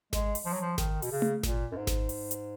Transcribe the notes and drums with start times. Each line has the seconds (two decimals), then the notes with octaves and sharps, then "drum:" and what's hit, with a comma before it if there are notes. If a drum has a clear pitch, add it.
0.13 G#3, drum: snare G#1
0.35 drum: open hi-hat
0.45 F3
0.53 F#3
0.61 F3
0.78 D#3, drum: snare G#1
1.02 B2, drum: open hi-hat
1.11 C#3
1.22 drum: tom A3
1.43 A#2, drum: snare G#1
1.72 F#2
1.76 G#2
1.87 drum: snare G#1
2.09 drum: open hi-hat
2.31 drum: hi-hat